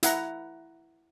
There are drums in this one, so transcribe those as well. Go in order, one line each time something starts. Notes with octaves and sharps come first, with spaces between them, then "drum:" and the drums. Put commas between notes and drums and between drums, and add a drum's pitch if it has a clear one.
E4 F#5 A#5, drum: hi-hat